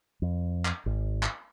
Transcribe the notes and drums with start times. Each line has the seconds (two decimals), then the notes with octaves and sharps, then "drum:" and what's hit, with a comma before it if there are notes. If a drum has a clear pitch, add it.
0.22 F2
0.65 drum: clap
0.86 G#1
1.23 drum: clap